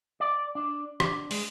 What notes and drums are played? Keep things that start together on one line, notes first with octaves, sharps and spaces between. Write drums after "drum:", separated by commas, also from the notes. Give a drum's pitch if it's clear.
D5
D4
D4, drum: rim click
G#3, drum: open hi-hat